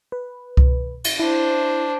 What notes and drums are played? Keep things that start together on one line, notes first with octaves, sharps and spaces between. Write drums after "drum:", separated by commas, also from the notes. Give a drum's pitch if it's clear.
B4
drum: kick C2
drum: cymbal
D4 E4 C5